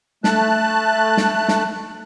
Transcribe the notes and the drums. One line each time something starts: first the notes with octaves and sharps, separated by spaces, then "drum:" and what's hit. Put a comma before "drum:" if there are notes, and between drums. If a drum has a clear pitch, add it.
A3 A5 F#6, drum: snare
drum: snare
drum: snare